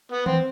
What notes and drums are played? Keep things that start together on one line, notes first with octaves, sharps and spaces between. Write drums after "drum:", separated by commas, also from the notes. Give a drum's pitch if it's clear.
B3
C4, drum: tom D#3